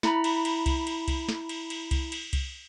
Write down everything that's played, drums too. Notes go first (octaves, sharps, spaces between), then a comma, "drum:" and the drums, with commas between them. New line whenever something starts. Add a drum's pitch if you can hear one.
E4 A#5 B5, drum: snare
drum: cymbal
drum: cymbal
drum: kick C2, cymbal
drum: cymbal
drum: kick C2, cymbal
drum: snare
drum: cymbal
drum: cymbal
drum: kick C2, cymbal
drum: cymbal
drum: kick C2, cymbal